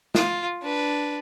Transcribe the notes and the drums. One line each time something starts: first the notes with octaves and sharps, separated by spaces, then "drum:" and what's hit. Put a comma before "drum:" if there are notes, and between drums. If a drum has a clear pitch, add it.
F4, drum: snare
D4 B4